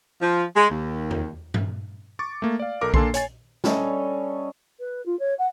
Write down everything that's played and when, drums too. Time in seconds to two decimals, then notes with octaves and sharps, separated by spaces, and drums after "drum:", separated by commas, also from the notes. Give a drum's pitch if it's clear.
0.21 F3
0.56 G#3
0.70 D#2
1.11 drum: tom E2
1.54 drum: tom G2
2.19 C#6 D6 A6
2.42 A3 A#3
2.59 D5 F5
2.81 B1 A4 A#4 D6
2.94 A#3 D4 A4 G#5 C6 C7, drum: kick A#1
3.14 C#5 G#5 A6, drum: hi-hat
3.64 G3 C#4 A4 D#5, drum: snare
4.79 B4
5.06 F4
5.19 C#5
5.38 F#5